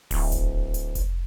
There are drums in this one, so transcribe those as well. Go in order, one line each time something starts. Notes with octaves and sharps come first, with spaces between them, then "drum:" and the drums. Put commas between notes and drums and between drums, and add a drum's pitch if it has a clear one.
D1, drum: open hi-hat
drum: kick F1, hi-hat
drum: hi-hat
drum: kick F1, hi-hat